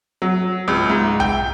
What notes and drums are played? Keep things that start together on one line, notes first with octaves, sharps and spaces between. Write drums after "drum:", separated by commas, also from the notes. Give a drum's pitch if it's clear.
F#3
C#2
G#2
G5, drum: tom B1